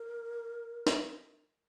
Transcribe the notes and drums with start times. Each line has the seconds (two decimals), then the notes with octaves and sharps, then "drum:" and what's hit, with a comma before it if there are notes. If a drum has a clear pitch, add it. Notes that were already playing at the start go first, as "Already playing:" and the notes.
Already playing: A#4
0.87 drum: snare